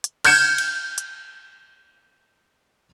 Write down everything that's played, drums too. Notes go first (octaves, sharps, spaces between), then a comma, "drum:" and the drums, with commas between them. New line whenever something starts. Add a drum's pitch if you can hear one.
drum: hi-hat
F6 G6 G#6 C#7 E7, drum: cymbal
drum: cymbal
drum: hi-hat